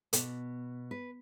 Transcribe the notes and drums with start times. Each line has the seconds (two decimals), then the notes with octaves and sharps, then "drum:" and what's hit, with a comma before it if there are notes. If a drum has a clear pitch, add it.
0.13 B2, drum: hi-hat
0.91 B4